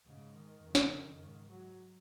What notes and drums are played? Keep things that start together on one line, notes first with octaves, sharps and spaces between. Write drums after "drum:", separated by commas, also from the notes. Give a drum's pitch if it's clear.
G#2 C#3
D#3
F2 C#3
drum: snare
G#2
F#3